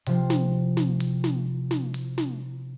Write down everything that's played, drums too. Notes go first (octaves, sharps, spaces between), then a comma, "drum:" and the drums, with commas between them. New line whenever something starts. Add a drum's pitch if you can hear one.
C3 F3 F4, drum: open hi-hat
drum: snare
drum: snare
drum: open hi-hat
drum: snare
drum: snare
drum: open hi-hat
drum: snare